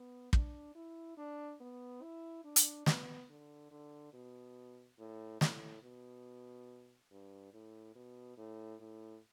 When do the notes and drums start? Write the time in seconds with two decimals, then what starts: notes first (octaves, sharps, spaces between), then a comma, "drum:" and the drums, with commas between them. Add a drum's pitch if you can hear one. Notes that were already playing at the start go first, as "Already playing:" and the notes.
Already playing: B3
0.33 D4, drum: kick
0.75 E4
1.17 D4
1.60 B3
2.02 E4
2.44 D4
2.56 drum: hi-hat
2.86 B3, drum: snare
3.30 D3
3.71 D3
4.13 B2
4.99 A2
5.41 A2, drum: snare
5.83 B2
7.11 G2
7.54 A2
7.95 B2
8.37 A2
8.80 A2